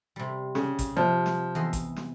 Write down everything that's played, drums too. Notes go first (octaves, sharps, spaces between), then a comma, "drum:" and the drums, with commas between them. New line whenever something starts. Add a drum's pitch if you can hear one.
C3 G3
C#3, drum: snare
drum: kick G#1, hi-hat
C3 F3
drum: snare
E2 D#5 C6
drum: kick G#1, hi-hat
drum: snare